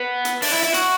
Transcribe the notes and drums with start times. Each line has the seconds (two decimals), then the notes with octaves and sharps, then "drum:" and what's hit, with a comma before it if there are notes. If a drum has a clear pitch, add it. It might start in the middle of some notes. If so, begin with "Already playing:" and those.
Already playing: B3
0.25 drum: hi-hat
0.42 D4, drum: open hi-hat
0.52 E4
0.63 E4
0.74 F#4, drum: hi-hat